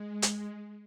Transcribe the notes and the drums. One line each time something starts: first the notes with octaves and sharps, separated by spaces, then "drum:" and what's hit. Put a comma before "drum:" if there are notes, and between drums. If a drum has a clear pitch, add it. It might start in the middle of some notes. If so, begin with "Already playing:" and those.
Already playing: G#3
drum: hi-hat